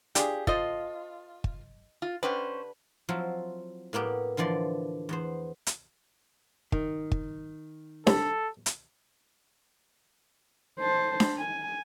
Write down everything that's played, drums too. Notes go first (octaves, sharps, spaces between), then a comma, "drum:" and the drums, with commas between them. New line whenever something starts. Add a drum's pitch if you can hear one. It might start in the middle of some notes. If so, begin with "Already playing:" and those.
D4 F4 G4 G#4, drum: hi-hat
F4 A4 C5 D#5, drum: kick
drum: kick
F4
D3 C#4 G4 B4 C5
F3 F#3 C4 E4 F4
A2 A#3 B3 G4
D3 E3 F3 D5 C6
E2 B3 C5
drum: hi-hat
D#3, drum: kick
drum: kick
C2 A4, drum: snare D4
drum: hi-hat
C5 A5
drum: snare D4
G#5